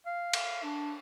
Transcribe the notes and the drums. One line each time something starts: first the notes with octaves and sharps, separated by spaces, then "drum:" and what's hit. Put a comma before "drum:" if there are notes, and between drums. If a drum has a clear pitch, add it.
F5
drum: cymbal
D4